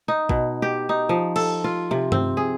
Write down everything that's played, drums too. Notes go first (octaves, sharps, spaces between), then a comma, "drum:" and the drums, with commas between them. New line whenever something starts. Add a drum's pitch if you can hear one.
D#4
B2, drum: kick A1
G4
D#4
F3
A4, drum: cymbal
F4
C3
C4, drum: tom G2
G#4